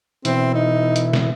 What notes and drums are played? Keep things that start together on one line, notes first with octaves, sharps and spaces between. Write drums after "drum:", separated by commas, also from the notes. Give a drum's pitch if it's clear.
B2 E3 C4 E4, drum: hi-hat
D#4
drum: hi-hat
drum: snare